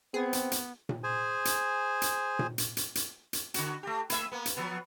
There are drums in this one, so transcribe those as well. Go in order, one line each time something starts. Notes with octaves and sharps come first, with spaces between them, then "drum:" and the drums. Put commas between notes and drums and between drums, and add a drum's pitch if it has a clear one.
B3 C4 G#4
drum: hi-hat
drum: hi-hat
drum: tom A#2
G#4 C5 G#5
drum: hi-hat
drum: hi-hat
drum: tom A#2
drum: hi-hat
drum: hi-hat
drum: hi-hat
drum: hi-hat
D3 F#4, drum: hi-hat
A3 G4
A3 E5, drum: hi-hat
A#3 B3
drum: hi-hat
F3 F#3 B3